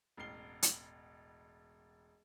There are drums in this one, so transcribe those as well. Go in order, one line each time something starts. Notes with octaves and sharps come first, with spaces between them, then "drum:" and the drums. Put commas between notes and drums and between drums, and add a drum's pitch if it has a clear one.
E1 A1 F6 C7 G7
drum: hi-hat